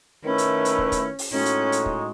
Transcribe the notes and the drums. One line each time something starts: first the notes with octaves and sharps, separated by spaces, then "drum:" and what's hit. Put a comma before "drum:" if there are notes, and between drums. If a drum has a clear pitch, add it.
D#3 A3 C#4 E4 B4
drum: hi-hat
drum: hi-hat
drum: kick
drum: kick, hi-hat
drum: open hi-hat
A2 G#3 C#4 D#4 F#4
drum: hi-hat
drum: hi-hat
drum: kick